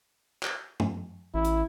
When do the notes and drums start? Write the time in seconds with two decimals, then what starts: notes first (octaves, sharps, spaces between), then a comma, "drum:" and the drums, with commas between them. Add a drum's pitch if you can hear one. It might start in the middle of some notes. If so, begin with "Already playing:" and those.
0.43 drum: clap
0.80 drum: tom G2
1.34 A1 E4
1.45 drum: hi-hat